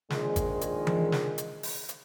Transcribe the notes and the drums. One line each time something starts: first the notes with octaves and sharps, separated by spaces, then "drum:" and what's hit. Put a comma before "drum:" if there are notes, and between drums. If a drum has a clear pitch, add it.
A#1 D#3 G#3, drum: snare
drum: kick G#1, hi-hat
drum: hi-hat
drum: tom E3
drum: snare
drum: hi-hat
drum: open hi-hat
drum: hi-hat